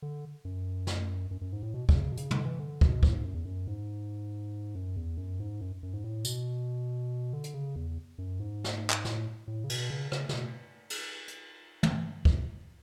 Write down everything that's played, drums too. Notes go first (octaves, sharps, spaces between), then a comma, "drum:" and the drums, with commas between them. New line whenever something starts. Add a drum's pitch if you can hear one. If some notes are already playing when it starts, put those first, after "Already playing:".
D3
F#2
drum: snare
F#2
F#2
G#2
A2
B2
B2, drum: kick
C#3
B2
C#3, drum: hi-hat
D3, drum: tom
E3
D3
B2, drum: kick
A2, drum: kick
G#2
F#2
E2
F#2
G#2
F#2
E2
F#2
G#2
F#2
F#2
G#2
A2
B2, drum: tambourine
D3
drum: hi-hat
C#3
E2
F#2
G#2
drum: snare
drum: clap
A2, drum: snare
A2
C#3
B2, drum: cymbal
C#3
C#3, drum: rim click
C#3, drum: snare
B2
drum: cymbal
drum: hi-hat
drum: tom
drum: kick